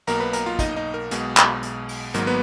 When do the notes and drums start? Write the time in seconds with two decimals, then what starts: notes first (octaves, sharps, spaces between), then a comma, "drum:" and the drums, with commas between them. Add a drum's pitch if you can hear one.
0.07 B1 B2 A#3 A#4 A#5, drum: hi-hat
0.20 B4 B5
0.33 A#4 A#5, drum: hi-hat
0.46 F4 F5
0.59 D#4 D#5, drum: kick, hi-hat
0.76 D#4 D#5
0.94 A#4
1.11 B1 B2 G#3 G#4, drum: hi-hat
1.37 drum: clap
1.63 drum: hi-hat
1.88 drum: open hi-hat
2.14 G#1 G#2 F#3 A#3 A#4, drum: hi-hat
2.27 B3 B4